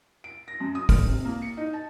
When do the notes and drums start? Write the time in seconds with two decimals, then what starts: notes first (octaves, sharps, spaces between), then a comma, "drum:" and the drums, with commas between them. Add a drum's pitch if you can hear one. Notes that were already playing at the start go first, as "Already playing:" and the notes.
0.24 D7
0.48 A#6
0.60 F#2
0.75 D#6
0.89 F6, drum: kick, open hi-hat
1.07 C3
1.25 A#3
1.42 C#7
1.57 D#4
1.73 A5